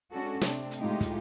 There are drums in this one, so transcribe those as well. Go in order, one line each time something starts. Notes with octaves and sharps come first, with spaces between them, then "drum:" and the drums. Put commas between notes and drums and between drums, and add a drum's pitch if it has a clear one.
G#3 C#4 D4 F#4 A4
C3 A3 C4 D4, drum: snare
drum: hi-hat
A2 G#3 D#4 F4 G4
drum: kick, hi-hat